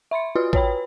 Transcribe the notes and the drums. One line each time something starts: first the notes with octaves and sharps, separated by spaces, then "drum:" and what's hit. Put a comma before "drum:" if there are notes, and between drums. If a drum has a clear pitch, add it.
E5 B5 C6 C#7
F4 F#4 B4 C6 D#6 F6
B4 C#5 G5 B5, drum: kick